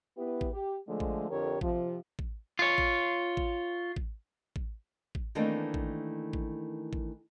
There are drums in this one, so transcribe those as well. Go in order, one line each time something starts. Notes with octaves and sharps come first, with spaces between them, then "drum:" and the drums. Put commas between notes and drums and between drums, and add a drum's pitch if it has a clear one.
B3 E4 G4 B4
drum: kick A1
G4
D3 F3 G#3 A3
drum: kick A1
F2 D3 G4 A#4 C#5
C3 F3, drum: kick A1
drum: kick A1
F4 C#5
drum: kick A1
drum: kick A1
drum: kick A1
drum: kick A1
drum: kick A1
D#3 E3 A3 A#3 C4 D4
drum: kick A1
drum: kick A1
drum: kick A1